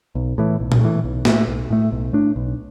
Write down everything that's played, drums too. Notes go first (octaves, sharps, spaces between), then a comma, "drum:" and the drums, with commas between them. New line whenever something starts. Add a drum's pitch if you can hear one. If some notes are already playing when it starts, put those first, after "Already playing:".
B1
A2 E3
B1
drum: tom
A2 E3
B1
A2 A3, drum: snare
B1
A2 A3
B1
A2 A3 D4
B1